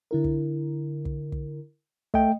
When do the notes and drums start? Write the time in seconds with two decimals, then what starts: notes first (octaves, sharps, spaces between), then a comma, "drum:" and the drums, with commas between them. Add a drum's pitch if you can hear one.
0.11 D3 E4 A#4
0.24 drum: kick
1.05 drum: kick
1.32 drum: kick
2.14 A3 D#5 G5, drum: kick